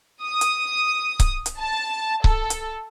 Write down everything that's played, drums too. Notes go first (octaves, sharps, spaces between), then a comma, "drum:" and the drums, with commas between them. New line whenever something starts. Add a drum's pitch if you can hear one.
D#6
drum: hi-hat
drum: kick C#1, hi-hat
drum: hi-hat
A5
A4, drum: kick C#1
drum: hi-hat